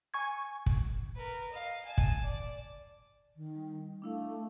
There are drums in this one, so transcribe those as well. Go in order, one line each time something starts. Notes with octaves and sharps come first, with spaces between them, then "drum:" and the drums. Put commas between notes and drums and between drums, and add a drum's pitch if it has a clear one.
G#5 C#6 G#6
drum: kick
A#4 B4
D#5 F5
G#5 A5
drum: kick
D5
D#3
G3
A3 D4 E4 F5